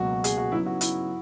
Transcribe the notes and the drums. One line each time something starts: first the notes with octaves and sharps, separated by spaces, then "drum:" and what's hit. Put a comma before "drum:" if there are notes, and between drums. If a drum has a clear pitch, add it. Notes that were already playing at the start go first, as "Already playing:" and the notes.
Already playing: C#2 B2 F#3 A#3 F#4
G#4, drum: hi-hat
F#4
C#3 F#3 B3 D#4 E4
F#4
E4, drum: hi-hat